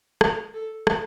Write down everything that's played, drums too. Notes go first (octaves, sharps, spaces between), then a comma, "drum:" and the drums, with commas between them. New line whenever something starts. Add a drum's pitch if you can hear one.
A#4, drum: rim click
A4
drum: rim click